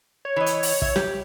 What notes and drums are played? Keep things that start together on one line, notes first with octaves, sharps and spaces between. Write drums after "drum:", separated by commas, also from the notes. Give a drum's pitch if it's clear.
C#5
E3 D#5
drum: hi-hat
drum: open hi-hat
E5, drum: kick
G4, drum: snare